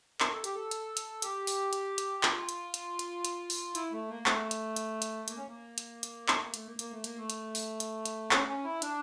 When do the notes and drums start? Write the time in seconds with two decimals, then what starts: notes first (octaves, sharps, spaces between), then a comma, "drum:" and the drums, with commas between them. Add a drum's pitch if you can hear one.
0.20 A#4, drum: clap
0.32 A4
0.44 G4, drum: hi-hat
0.55 A4
0.71 drum: hi-hat
0.97 drum: hi-hat
1.22 G4, drum: hi-hat
1.47 drum: open hi-hat
1.73 drum: hi-hat
1.98 drum: hi-hat
2.23 F4, drum: clap
2.49 drum: hi-hat
2.74 drum: hi-hat
2.99 drum: hi-hat
3.25 drum: hi-hat
3.50 drum: open hi-hat
3.75 E4, drum: hi-hat
3.92 A3
4.09 A#3
4.26 A3, drum: clap
4.51 drum: hi-hat
4.76 drum: hi-hat
5.02 drum: hi-hat
5.28 A#3, drum: hi-hat
5.37 C#4
5.48 A#3
5.78 drum: hi-hat
6.03 drum: hi-hat
6.28 A3, drum: clap
6.41 A#3
6.54 A3, drum: hi-hat
6.66 A#3
6.79 A#3, drum: hi-hat
6.91 A3
7.04 A#3, drum: hi-hat
7.17 A3
7.30 drum: hi-hat
7.55 drum: open hi-hat
7.80 drum: hi-hat
8.06 drum: hi-hat
8.31 C#4, drum: clap
8.48 C#4
8.64 E4
8.82 D4, drum: hi-hat